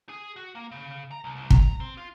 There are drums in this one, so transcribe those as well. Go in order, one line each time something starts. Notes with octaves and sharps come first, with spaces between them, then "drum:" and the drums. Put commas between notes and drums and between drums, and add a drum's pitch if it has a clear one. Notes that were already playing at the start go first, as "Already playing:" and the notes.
G#4
F#4
A#3
C#3
A#5
C2
C2
A#5, drum: kick
C4
F4